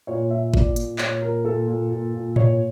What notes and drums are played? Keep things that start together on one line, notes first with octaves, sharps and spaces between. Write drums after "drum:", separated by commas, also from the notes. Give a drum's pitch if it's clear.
A#2 C#5
A#2 E5
A#2 D5, drum: kick G#1
A#2, drum: hi-hat
A#2 C#5, drum: clap
A#2 A#4
A#2 A4
A#2
A#2
A#2
A#2 C#5, drum: tom G#2